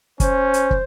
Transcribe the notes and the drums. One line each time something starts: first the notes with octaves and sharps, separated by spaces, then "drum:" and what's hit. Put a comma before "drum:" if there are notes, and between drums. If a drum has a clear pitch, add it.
C#4 C5, drum: kick, hi-hat
drum: hi-hat
drum: kick